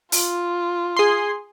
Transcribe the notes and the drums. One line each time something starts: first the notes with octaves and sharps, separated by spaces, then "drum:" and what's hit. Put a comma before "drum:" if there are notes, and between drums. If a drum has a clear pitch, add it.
F4, drum: open hi-hat
G#4 C6